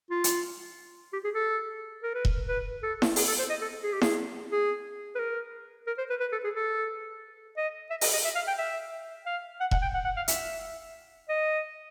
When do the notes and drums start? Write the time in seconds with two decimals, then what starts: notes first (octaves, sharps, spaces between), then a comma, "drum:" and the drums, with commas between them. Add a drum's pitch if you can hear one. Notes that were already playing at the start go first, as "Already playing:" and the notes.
0.10 F4
0.24 drum: hi-hat
1.13 G4
1.24 G#4
1.34 A4
2.03 A#4
2.14 B4
2.25 drum: kick E1
2.48 B4
2.83 A4
3.02 drum: snare E4
3.16 G#4, drum: open hi-hat
3.28 A4
3.39 C5
3.50 D#5
3.61 A4
3.83 G#4
3.92 G4
4.01 G#4, drum: snare E4
4.52 G#4
5.15 B4
5.19 A#4
5.87 A#4
5.98 C5
6.10 B4
6.20 B4
6.32 A4
6.44 G#4
6.55 A4
7.57 D#5
7.90 E5
8.01 D#5, drum: open hi-hat
8.13 D#5
8.25 E5
8.35 F5
8.47 G5
8.58 E5
9.26 F5
9.60 F#5
9.71 F#5, drum: kick E1
9.82 G5
9.94 F#5
10.05 F#5
10.16 F5
10.28 E5, drum: hi-hat
11.29 D#5